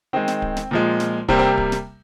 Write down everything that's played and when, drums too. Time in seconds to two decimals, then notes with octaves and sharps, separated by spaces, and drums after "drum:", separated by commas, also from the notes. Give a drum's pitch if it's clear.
0.13 D#3 G#3 C4
0.28 drum: snare
0.42 drum: kick D1
0.57 drum: snare
0.71 A#2 F3 G#3
1.00 drum: snare
1.28 C3 G3 A#3 C4, drum: kick D1
1.39 C4
1.58 drum: kick D1
1.72 drum: snare